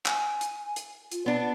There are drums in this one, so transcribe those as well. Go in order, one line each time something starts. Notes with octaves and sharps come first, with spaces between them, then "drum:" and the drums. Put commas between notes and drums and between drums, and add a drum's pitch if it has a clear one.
G#5, drum: clap
drum: hi-hat
drum: hi-hat
F4, drum: hi-hat
B3 D4 D5